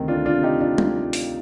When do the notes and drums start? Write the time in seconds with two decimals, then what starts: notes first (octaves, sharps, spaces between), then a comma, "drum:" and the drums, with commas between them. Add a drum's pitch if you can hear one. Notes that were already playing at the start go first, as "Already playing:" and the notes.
Already playing: D2 C3 D#3 A3 C4
0.08 D4 F4
0.14 A3
0.26 D4 F4
0.37 C3
0.43 D#4 G4
0.61 D4 F4
0.78 drum: tom
1.13 drum: open hi-hat